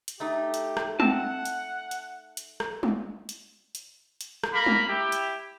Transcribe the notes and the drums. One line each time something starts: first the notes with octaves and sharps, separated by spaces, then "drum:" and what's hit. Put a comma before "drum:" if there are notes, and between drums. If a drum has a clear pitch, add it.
drum: hi-hat
A3 D#4 G4
drum: hi-hat
drum: rim click
C4 F#5 A5, drum: tom
drum: hi-hat
drum: hi-hat
drum: hi-hat
drum: rim click
drum: tom
drum: hi-hat
drum: hi-hat
drum: hi-hat
drum: rim click
A#3 A#4 B5
drum: tom
E4 G4
drum: hi-hat